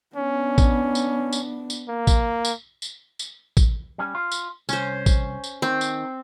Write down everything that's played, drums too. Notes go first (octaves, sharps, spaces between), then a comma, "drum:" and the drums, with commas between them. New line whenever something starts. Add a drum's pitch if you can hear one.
B3 C#4 D4
drum: kick, tambourine
drum: tambourine
drum: tambourine
drum: tambourine
A#3
drum: kick, tambourine
drum: tambourine
drum: tambourine
drum: tambourine
drum: kick, tambourine
G3 C#4
F4
drum: tambourine
C2 C#4 C5, drum: tambourine
drum: kick, tambourine
drum: tambourine
D#3 C4
drum: tambourine